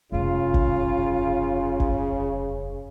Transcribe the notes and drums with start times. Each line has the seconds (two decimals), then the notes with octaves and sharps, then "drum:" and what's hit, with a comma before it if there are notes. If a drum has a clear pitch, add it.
0.12 F1 G2 C#3 F4
0.54 drum: kick
1.80 drum: kick